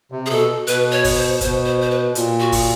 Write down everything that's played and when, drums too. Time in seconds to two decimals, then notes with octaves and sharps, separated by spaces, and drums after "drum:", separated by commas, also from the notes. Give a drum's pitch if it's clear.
0.12 C3
0.26 G#4
0.30 B2 A4
0.67 B2 B4, drum: hi-hat
0.92 C#5
1.04 drum: kick F#1, open hi-hat
1.17 C5
1.41 B2 C5, drum: kick F#1, hi-hat
1.65 C5
1.81 C5
1.90 B4
2.15 A#2, drum: hi-hat
2.40 F#4
2.52 drum: kick F#1, open hi-hat